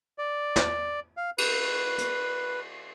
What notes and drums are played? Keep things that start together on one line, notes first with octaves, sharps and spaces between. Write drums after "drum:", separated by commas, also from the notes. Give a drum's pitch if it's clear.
D5
drum: snare
F5
B4, drum: cymbal
drum: hi-hat